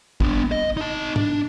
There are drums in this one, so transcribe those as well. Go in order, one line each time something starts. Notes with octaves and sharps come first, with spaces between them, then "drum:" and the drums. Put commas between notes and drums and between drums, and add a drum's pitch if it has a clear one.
B3 D4, drum: kick
D#5
D#4 A5
D4, drum: tom G#2